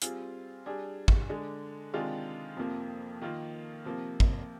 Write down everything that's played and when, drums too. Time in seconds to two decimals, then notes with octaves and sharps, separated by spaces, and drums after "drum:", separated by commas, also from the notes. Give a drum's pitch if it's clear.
0.02 G3 C4 F4 G#4, drum: hi-hat
0.66 G3 D4 G#4
1.08 drum: kick
1.29 D3 G#3 D4
1.94 C3 D#3 G#3 D4 F4
2.57 F2 C3 F3 A#3
3.22 D#3 A#3 F4
3.85 C3 F3 A#3
4.20 drum: kick